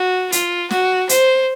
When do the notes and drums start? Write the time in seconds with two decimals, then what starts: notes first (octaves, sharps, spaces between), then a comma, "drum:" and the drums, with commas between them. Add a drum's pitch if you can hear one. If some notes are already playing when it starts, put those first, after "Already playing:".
Already playing: F#4
0.32 F4, drum: hi-hat
0.70 F#4, drum: snare
1.09 C5, drum: hi-hat